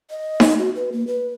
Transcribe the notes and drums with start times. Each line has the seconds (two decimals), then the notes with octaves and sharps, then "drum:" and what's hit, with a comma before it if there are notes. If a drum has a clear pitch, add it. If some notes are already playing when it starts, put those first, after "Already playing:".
0.10 D#5
0.40 drum: snare D#4
0.58 F#4
0.76 B4
0.92 A#3
1.07 B4